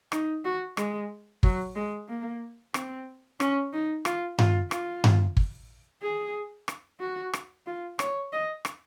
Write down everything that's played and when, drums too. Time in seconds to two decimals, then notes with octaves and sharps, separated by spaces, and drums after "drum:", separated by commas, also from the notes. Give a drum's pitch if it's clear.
0.12 D#4, drum: rim click
0.45 F#4
0.77 G#3, drum: rim click
1.43 F#3, drum: kick
1.76 G#3
2.08 A#3
2.74 C4, drum: rim click
3.40 C#4, drum: rim click
3.73 D#4
4.05 F4, drum: rim click
4.38 F4, drum: tom G2
4.71 F4, drum: rim click
5.04 drum: tom G2
5.37 drum: kick
6.03 G#4
6.68 drum: rim click
7.00 F#4
7.33 drum: rim click
7.67 F4
7.99 C#5, drum: rim click
8.32 D#5
8.65 drum: rim click